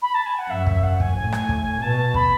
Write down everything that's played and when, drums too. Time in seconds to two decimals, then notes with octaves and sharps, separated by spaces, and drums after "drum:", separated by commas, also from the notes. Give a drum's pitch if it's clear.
0.01 B5
0.14 A5
0.25 G#5
0.38 F#5
0.50 F#2 E5
0.67 E5, drum: kick
0.83 F#5
1.00 G#5, drum: kick
1.16 A2 G#5
1.32 drum: rim click
1.49 drum: kick
1.71 G#5
1.82 B2 A5
2.14 B5, drum: kick